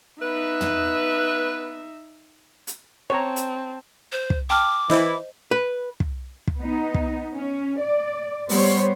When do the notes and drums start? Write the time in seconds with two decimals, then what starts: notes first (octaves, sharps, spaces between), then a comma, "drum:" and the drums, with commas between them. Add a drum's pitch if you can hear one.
0.21 B3 D#4 B4 E5
0.61 drum: tom
2.67 drum: hi-hat
3.10 C4 C#5 A5 A#5
3.36 drum: hi-hat
4.12 C5
4.30 drum: kick
4.50 G5 A5 D6 F6
4.90 E3 E4 C5 D#5, drum: snare
5.51 B4
6.00 drum: kick
6.47 drum: kick
6.58 B3 D#4
6.94 drum: kick
7.34 C#4
7.80 D5
8.49 G3 B3 C5 C#5, drum: open hi-hat